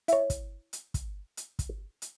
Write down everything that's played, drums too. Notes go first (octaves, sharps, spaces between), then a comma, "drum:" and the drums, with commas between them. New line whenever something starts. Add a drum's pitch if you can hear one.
E4 C#5, drum: hi-hat
drum: kick, hi-hat
drum: hi-hat
drum: kick, hi-hat
drum: hi-hat
drum: kick, hi-hat
drum: hi-hat